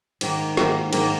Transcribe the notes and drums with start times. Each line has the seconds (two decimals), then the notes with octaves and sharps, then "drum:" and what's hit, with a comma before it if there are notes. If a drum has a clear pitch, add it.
0.21 G#2 D#3 A#3, drum: cymbal
0.57 G#2 D#3 A#3, drum: snare
0.93 G#2 D#3 A#3, drum: cymbal